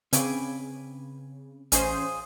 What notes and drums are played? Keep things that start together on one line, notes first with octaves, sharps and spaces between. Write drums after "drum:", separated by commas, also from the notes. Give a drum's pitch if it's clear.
C#3 C4 B4 F5 G#5 D6, drum: hi-hat
A1 C#4 F4 G#4 C5 D#5, drum: hi-hat